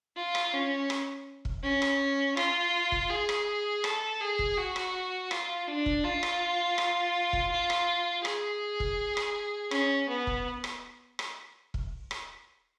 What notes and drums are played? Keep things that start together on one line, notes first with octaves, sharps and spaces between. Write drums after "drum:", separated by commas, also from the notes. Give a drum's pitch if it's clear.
F4
drum: rim click
C#4
drum: rim click
drum: kick
C#4
drum: rim click
F4, drum: rim click
drum: kick
G#4
drum: rim click
A4, drum: rim click
G#4
drum: kick
F#4
drum: rim click
F4, drum: rim click
D4
drum: kick
F4
drum: rim click
drum: rim click
drum: kick
F4
drum: rim click
G#4, drum: rim click
drum: kick
drum: rim click
C#4, drum: rim click
B3
drum: kick
drum: rim click
drum: rim click
drum: kick
drum: rim click